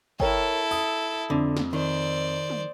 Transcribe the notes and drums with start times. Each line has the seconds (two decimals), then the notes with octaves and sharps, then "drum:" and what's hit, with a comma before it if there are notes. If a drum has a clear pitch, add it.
0.20 E4 A4 A#4 C#5 G5, drum: kick G1
0.71 D#6, drum: open hi-hat
1.30 F2 D3
1.57 drum: snare
1.73 D#3 C5 D5
2.50 drum: tom